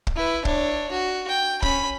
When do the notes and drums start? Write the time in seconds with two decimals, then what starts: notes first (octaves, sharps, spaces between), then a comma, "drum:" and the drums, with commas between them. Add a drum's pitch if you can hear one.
0.07 drum: kick
0.16 E4 B4
0.45 D4 C#5, drum: kick
0.92 F#4
1.29 G5
1.62 C#4 B5, drum: kick